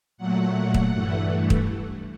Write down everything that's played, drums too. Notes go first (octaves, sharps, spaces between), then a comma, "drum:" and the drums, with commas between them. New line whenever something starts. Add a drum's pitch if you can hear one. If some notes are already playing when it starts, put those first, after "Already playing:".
A#2 F#3 A3 F#5
drum: kick
G2 E3 A3
drum: kick